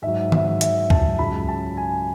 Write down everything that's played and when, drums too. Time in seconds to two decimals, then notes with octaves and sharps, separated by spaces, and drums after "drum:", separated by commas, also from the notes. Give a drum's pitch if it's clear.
0.02 G#2 F#3 E5
0.32 E5, drum: tom D#3
0.61 E5, drum: hi-hat
0.90 A5, drum: kick C#2
1.19 C#2 C#3 F#3 B5
1.48 A5
1.77 G#5